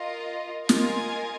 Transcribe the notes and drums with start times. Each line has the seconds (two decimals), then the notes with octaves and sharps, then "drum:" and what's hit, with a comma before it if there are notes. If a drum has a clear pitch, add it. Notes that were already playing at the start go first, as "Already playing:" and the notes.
Already playing: F4 A#4 D#5
0.69 F4 A#4 D#5 G#5, drum: snare